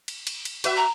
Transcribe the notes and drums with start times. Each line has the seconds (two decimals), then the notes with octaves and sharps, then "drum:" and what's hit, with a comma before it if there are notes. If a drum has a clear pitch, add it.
0.08 drum: cymbal
0.27 drum: cymbal
0.45 drum: cymbal
0.64 F#4 B4 E5, drum: cymbal
0.77 A#5